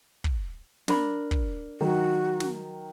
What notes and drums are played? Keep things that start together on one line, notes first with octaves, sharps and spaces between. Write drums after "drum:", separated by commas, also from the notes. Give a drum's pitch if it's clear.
drum: kick
D4 A#4 B5, drum: snare
drum: kick
D#3 F#3 F#4
drum: snare